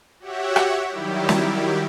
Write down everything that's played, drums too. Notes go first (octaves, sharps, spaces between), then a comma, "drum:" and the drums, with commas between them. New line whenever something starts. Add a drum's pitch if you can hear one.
F#4 G4 C#5 E5 F#5
drum: rim click
D#3 F#3 G3 E4 G4
drum: snare